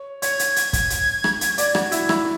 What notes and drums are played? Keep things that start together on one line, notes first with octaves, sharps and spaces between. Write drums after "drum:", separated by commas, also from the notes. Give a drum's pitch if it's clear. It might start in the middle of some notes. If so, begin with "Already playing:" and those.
Already playing: C#5
C#5 G#6, drum: hi-hat
drum: hi-hat
drum: hi-hat
drum: kick, hi-hat
drum: hi-hat
drum: rim click
drum: hi-hat
D5, drum: hi-hat
F#4, drum: rim click
E4, drum: hi-hat
E4, drum: rim click